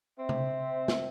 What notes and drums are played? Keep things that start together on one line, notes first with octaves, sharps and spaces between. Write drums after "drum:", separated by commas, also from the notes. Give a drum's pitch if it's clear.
C4 E5
drum: tom C3
drum: snare